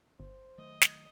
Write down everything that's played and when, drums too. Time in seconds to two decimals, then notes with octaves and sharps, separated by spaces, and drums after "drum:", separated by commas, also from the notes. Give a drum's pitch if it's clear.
0.20 G1 C5
0.58 D#3 F#3 A3 D#5
0.81 drum: snare